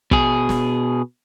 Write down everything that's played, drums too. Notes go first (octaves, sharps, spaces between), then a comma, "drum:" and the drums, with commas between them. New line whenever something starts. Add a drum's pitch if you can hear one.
B2 G#4, drum: kick
drum: snare